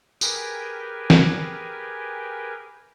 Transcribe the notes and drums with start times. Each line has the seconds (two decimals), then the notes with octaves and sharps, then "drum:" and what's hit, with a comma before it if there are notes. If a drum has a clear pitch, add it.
0.21 G4 G#4 A#4 B4 G5 G#5, drum: tambourine
1.10 drum: snare